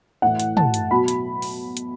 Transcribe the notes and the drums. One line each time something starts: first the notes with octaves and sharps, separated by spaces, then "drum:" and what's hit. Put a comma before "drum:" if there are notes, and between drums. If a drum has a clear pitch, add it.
A2 E3 F#5
drum: hi-hat
A5, drum: tom
drum: hi-hat
B2 F#3 B5
drum: hi-hat
drum: open hi-hat
drum: hi-hat